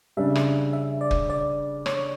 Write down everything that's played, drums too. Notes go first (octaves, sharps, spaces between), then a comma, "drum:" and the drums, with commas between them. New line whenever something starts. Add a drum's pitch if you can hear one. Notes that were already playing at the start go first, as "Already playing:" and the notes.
C#3 G3 D4 E5
drum: rim click
E5
D5
drum: kick
D5
C#5, drum: rim click